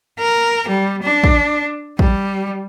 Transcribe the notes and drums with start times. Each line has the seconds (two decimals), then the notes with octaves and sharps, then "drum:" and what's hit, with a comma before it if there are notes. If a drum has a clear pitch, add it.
0.19 A#4
0.68 G3
1.03 D4
1.24 drum: kick
1.99 G3, drum: kick